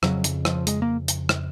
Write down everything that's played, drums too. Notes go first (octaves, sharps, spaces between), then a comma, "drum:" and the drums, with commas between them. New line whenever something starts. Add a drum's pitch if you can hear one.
F2 C#3 F#3, drum: rim click
drum: hi-hat
F3, drum: rim click
G#3, drum: hi-hat
A#3
drum: hi-hat
drum: rim click